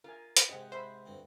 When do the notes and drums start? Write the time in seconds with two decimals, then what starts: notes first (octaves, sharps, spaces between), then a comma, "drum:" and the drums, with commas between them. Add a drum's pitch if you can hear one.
0.04 F4 A#4 G#5
0.37 drum: hi-hat
0.49 G#2 C3 G#3 G4 D#5 F#5
0.72 C5 E5 B5
1.06 D2 G2 C4